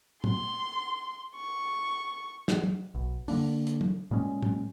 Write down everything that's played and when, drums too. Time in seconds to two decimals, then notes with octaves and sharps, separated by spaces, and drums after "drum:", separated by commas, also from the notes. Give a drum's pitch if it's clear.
0.24 C6, drum: tom
1.36 C#6
2.48 drum: snare
2.64 drum: tom
2.95 B1
3.28 D3 G3 A#3 D4, drum: open hi-hat
3.67 drum: hi-hat
3.81 drum: tom
4.11 A#2 G3 G#3 C#4
4.43 drum: tom